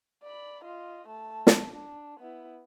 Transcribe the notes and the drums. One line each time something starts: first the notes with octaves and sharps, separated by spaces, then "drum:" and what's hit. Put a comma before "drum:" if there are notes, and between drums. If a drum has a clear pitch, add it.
D5 B5
F4 D#5
A3 A5
drum: snare
D4
B3 E4